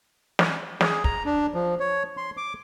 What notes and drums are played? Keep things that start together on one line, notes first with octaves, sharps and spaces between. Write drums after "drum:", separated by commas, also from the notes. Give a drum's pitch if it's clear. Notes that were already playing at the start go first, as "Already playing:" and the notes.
drum: snare
G#4, drum: snare
A#5, drum: kick
D4
F3
C#5
C6
D6